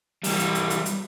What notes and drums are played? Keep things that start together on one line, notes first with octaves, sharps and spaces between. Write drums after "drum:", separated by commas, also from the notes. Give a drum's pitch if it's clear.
E3 G3, drum: open hi-hat
drum: hi-hat
drum: hi-hat
drum: hi-hat
drum: hi-hat